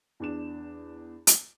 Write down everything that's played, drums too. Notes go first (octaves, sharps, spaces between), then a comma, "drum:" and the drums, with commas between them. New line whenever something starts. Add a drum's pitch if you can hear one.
E2 D4 E7
drum: hi-hat